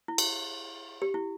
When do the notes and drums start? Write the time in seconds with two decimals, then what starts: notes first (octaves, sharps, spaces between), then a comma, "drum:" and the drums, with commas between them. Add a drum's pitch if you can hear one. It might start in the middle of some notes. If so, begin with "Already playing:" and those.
0.08 E4
0.18 drum: cymbal
1.02 G4
1.14 E4